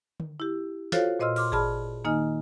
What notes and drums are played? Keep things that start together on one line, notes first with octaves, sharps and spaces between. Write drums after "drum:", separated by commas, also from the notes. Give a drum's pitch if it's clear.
drum: tom D3
E4 G4
F4 F#4 A4 C5 C#5 F5, drum: snare
A#2 C5 D#5 C6 E6 F6
C6 D6 F6, drum: cymbal
G#4 D5 A5 B5 F6, drum: kick G#1
D#3 A#3 D#4 D#5 G#5 F6